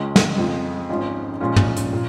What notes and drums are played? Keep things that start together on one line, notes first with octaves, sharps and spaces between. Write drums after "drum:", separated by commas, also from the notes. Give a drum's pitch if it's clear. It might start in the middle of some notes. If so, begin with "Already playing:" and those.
Already playing: C#2 C#3 G#3 C#4 F4
drum: snare
F2 F3 G#3
G#1 G#2 F3 C#4 F4
A#2 F3 G#3 C#4 F4
drum: tom
drum: hi-hat
A#2